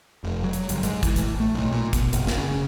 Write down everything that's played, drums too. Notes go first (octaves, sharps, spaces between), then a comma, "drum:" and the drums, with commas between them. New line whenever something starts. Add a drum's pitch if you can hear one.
F1
F#3
drum: hi-hat
G1, drum: hi-hat
G#2, drum: hi-hat
E3, drum: kick, hi-hat
A2, drum: hi-hat
A3
B1
A#2
B2, drum: kick, hi-hat
F#1, drum: hi-hat
drum: snare
C#3